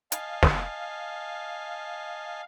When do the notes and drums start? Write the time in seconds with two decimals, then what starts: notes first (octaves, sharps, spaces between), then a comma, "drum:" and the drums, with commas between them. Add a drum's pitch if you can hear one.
0.12 D#5 F5 G#5 A5, drum: hi-hat
0.43 drum: snare